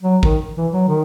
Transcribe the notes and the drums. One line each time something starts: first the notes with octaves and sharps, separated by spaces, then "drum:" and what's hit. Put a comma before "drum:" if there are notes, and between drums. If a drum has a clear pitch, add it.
F#3
D#3, drum: kick
E3
F#3
D#3